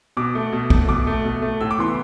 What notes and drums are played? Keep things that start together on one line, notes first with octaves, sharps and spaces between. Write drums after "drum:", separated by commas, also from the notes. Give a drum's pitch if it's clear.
B2 D6
A3
B2
A3, drum: kick A#1
B2 D6
A3
B2
A3
A2 E6
D6
E3 B3 C6